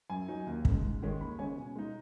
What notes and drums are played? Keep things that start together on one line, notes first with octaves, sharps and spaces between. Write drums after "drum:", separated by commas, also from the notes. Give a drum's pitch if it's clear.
F#2 G#5
F#3 D#4
D#2
C#3 G#3, drum: kick
G#2
D#3 G#3 C#4
D#2 B5
C#3 G#3 C#4 G#5
B2
G#3 D#4